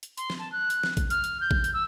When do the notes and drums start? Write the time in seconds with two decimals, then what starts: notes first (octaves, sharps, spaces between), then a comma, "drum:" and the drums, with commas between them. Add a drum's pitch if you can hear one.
0.03 drum: hi-hat
0.18 C6, drum: hi-hat
0.30 drum: snare
0.39 A5
0.52 F#6
0.70 drum: hi-hat
0.83 drum: snare
0.97 drum: kick A1, hi-hat
1.10 F6, drum: hi-hat
1.24 drum: hi-hat
1.41 G6
1.51 drum: kick A1
1.64 drum: hi-hat
1.74 E6